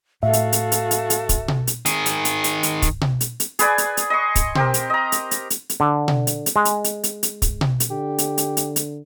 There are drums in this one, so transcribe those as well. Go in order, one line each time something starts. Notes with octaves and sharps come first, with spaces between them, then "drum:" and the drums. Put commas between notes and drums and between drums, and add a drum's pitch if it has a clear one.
A2 F#4 A4 E5 F5
drum: hi-hat
drum: hi-hat
drum: hi-hat
drum: hi-hat
drum: hi-hat
drum: kick, hi-hat
drum: tom B2
drum: hi-hat
D#3 G#4, drum: hi-hat
drum: hi-hat
drum: hi-hat
drum: hi-hat
drum: hi-hat
drum: kick, hi-hat
drum: tom B2
drum: hi-hat
drum: hi-hat
G#4 B4 D5 G#5, drum: hi-hat
drum: hi-hat
drum: hi-hat
D#5 C6 C#6
drum: kick, hi-hat
C4 G4 A#4, drum: tom B2
drum: hi-hat
D#5 A#5
drum: hi-hat
drum: hi-hat
drum: hi-hat
drum: hi-hat
D3
drum: tom B2
drum: hi-hat
drum: hi-hat
G#3
drum: hi-hat
drum: hi-hat
drum: hi-hat
drum: hi-hat
drum: kick, hi-hat
drum: tom B2
drum: hi-hat
D3 G4
drum: hi-hat
drum: hi-hat
drum: hi-hat
drum: hi-hat